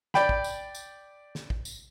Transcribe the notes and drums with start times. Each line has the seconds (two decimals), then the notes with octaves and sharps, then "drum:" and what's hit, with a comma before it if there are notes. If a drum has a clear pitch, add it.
0.14 D5 G5 B5, drum: snare
0.29 drum: kick
0.44 drum: tambourine
0.75 drum: tambourine
1.35 drum: snare
1.50 drum: kick
1.65 drum: tambourine